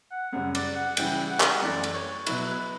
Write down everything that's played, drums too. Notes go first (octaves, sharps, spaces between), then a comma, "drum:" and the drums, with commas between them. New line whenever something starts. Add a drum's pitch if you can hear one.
F#5
F#2 C#3 G3 C#4 F#5
D5, drum: cymbal
F#5
C#3 E3 G3 C#4 E4 G5, drum: cymbal
F#5
G5, drum: clap
F#5
F#2 E3 A3 E4 D5
drum: cymbal
C#5
B2 F#3 B3 E4 B4, drum: cymbal